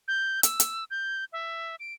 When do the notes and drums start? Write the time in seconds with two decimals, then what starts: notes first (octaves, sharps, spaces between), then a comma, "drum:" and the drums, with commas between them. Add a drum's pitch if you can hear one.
0.08 G6
0.43 E6, drum: hi-hat
0.60 drum: hi-hat
0.91 G6
1.33 E5
1.80 D7